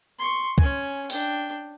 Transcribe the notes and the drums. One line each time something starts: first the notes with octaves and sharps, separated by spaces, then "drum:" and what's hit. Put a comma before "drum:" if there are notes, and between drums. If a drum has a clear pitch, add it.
C6 C#6
C#4 G#5, drum: kick
D4 G5, drum: open hi-hat